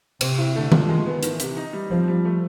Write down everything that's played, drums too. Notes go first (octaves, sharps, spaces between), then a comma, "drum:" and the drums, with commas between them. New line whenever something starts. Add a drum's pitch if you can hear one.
C3 C4, drum: cymbal
E4
D3 A3
F3, drum: tom D#3
D#3 G#3
B3
D#3 E3, drum: hi-hat
C3, drum: hi-hat
D#4
G3
F3 C4
G3
A3